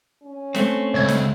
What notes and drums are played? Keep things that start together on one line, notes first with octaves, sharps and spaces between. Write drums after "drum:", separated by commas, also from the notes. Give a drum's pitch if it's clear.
C#4
A3 C4, drum: snare
C#2 E4 C#5 G#6
drum: snare